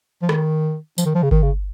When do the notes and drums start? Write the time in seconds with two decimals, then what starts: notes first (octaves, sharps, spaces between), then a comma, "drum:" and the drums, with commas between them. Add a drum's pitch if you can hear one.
0.23 F3
0.29 D#3, drum: rim click
0.98 F3, drum: tambourine
1.06 D#3
1.15 F3
1.23 C#3
1.31 D#3, drum: kick G1
1.43 C#3